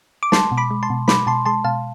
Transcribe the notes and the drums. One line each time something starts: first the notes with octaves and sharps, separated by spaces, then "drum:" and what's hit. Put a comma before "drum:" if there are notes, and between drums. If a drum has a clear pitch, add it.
D6
G#3 A5 C6, drum: snare
B2
B5 D6
G#3
A5 C6
B2
G#3 B5 D6, drum: snare
B2 A5 C6
G#3 A5 C6
B2 F5 A5